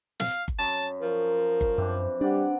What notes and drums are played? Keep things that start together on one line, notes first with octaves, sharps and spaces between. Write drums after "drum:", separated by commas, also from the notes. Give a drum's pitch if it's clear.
F5, drum: snare
drum: kick G1
F#2 A5
F3 A#4
drum: kick G1
F#2 E3 C4 D4
G3 D4 D5 F#5